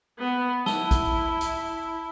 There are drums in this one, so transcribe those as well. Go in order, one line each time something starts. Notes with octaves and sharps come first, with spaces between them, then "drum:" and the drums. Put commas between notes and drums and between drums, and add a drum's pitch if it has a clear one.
B3
E4 A5 E6 G7, drum: snare
drum: kick, hi-hat
drum: hi-hat